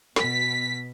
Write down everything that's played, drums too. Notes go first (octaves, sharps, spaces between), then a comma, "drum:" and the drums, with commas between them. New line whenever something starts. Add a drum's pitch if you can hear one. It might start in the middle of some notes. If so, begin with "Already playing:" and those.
B2 B6, drum: snare